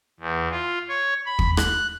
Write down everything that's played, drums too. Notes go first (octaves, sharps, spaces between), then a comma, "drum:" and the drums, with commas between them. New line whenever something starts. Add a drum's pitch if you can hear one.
E2
F4
C#5
B5
drum: kick
F#6, drum: rim click